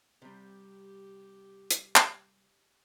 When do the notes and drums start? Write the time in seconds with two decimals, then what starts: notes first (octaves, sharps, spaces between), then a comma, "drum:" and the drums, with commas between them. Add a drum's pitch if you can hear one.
0.22 C3 G3 G4
1.71 drum: hi-hat
1.96 drum: clap